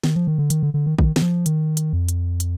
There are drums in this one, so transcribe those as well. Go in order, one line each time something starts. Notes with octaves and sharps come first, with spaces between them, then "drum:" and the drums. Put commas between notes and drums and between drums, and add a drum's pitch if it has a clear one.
D#3, drum: snare
F3
D#3
D3
D#3, drum: hi-hat
D3
D3
D#3
D#3, drum: kick
D#3, drum: snare
F3
D#3, drum: hi-hat
drum: hi-hat
F2
drum: hi-hat
drum: hi-hat